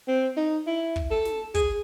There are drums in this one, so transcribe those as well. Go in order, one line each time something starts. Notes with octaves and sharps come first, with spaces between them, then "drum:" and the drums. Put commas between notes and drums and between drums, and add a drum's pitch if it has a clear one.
C4
D#4
E4
drum: kick
A4
drum: snare
G#4, drum: kick, hi-hat